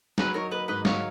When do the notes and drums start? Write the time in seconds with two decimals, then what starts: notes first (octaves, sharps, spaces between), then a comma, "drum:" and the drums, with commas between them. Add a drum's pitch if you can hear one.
0.18 F#3 G#4 B4, drum: snare
0.34 D#4 A#4 C#5
0.51 A#3 B4 D#5
0.68 G#2 B4 D#5
0.85 F#3 C#5 F5, drum: snare